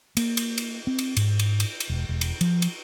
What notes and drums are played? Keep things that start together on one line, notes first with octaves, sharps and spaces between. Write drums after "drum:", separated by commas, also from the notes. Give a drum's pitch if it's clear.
A#3, drum: cymbal
drum: cymbal
drum: cymbal
C4
drum: cymbal
G#2, drum: cymbal
drum: cymbal
drum: cymbal
drum: cymbal
E1
E1
drum: cymbal
F3, drum: cymbal
drum: cymbal